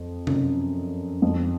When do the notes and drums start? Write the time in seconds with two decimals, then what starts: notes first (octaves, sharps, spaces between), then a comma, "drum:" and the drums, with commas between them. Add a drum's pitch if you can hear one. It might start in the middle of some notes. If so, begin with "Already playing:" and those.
Already playing: F2
0.27 F#2, drum: tom C3
1.22 F2